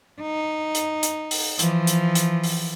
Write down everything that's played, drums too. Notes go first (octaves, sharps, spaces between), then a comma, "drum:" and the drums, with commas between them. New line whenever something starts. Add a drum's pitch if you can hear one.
D#4
drum: hi-hat
drum: hi-hat
drum: open hi-hat
E3 F3, drum: hi-hat
drum: hi-hat
drum: hi-hat
drum: open hi-hat